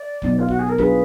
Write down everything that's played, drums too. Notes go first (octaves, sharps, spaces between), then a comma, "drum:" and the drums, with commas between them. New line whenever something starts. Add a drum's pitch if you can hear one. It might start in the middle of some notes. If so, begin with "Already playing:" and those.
Already playing: D5
B2 F#3 B3 D#4, drum: kick
F4
F#4, drum: kick
G#4
A#4
F#3 D4 F4 G#4 B4, drum: kick